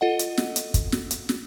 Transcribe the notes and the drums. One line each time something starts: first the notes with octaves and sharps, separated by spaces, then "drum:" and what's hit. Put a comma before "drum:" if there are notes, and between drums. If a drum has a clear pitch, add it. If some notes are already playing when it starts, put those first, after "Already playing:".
F4 A4 D#5 F#5
drum: hi-hat
drum: snare
drum: hi-hat
drum: kick, hi-hat
drum: snare
drum: hi-hat
drum: snare